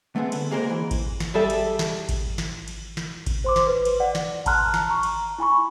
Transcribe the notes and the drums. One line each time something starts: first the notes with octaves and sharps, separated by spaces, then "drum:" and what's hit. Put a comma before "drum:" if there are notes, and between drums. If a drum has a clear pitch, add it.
A3 B3 C4 G#4
D3, drum: cymbal
G#3 A#3 G#4 A#4 C5
E3
drum: kick G#1, cymbal
drum: snare
G3 G#4 A4 E5
drum: cymbal
drum: snare
drum: kick G#1, cymbal
drum: snare
drum: cymbal
drum: snare
drum: kick G#1, cymbal
C5 C6 D6
drum: snare
B4
drum: cymbal
D5 F#5
drum: snare
A5 A#5 C6 F6 F#6, drum: kick G#1, cymbal
drum: snare
A#5 C#6
drum: cymbal
E4 G#5 B5 C#6